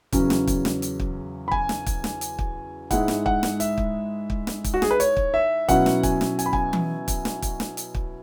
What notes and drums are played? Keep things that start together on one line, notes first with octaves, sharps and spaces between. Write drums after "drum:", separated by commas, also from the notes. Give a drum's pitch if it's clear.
E2 C#3 F#3 C#4, drum: kick, hi-hat
drum: snare
drum: kick, hi-hat
drum: snare
drum: hi-hat
drum: kick
B5
G#5, drum: kick
drum: snare
drum: kick, hi-hat
drum: snare
drum: hi-hat
drum: kick
G#2 G#3 E4 F#5, drum: kick, hi-hat
drum: snare
F#5, drum: kick
drum: snare
E5, drum: hi-hat
drum: kick
drum: kick
drum: snare
drum: kick, hi-hat
F#4
G#4, drum: snare
B4
C#5, drum: hi-hat
drum: kick
E5
B2 F#3 C#4 E4 F#5, drum: kick, hi-hat
drum: snare
G#5, drum: kick, hi-hat
drum: snare
G#5, drum: hi-hat
B5
G#5, drum: kick
drum: tom E3
drum: kick, hi-hat
drum: snare
drum: kick, hi-hat
drum: snare
drum: hi-hat
drum: kick